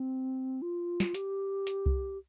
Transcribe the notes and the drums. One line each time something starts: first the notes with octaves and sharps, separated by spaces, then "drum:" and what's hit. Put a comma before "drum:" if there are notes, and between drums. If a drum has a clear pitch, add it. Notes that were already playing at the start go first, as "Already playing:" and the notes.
Already playing: C4
F4
drum: snare
G4, drum: hi-hat
drum: hi-hat
drum: kick C2